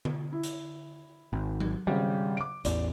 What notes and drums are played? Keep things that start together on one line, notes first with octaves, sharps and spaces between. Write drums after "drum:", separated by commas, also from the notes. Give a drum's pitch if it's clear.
drum: tom D3
E4
drum: hi-hat
G#1
drum: tom F#3
G#1 C#3 G3
D6 D7
A1 E2 D5, drum: hi-hat